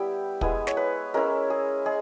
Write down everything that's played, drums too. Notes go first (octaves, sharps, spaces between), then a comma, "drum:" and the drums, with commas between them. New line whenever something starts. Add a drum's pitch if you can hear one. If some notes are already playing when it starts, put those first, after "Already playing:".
Already playing: G3 B3 E4 E5 G5
G#3 B3 E4 G#5, drum: kick
C#5, drum: snare
B4
G#3 C#4 E4 A#4
G#4
G#3 G#4